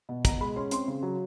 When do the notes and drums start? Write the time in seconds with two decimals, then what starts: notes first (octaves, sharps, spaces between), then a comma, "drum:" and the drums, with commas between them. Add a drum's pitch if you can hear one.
0.09 B2
0.25 B2 A#5, drum: kick, hi-hat
0.41 G#3 B5
0.56 C#4 C6
0.71 C4 C6, drum: hi-hat
0.88 C#3
1.03 F#3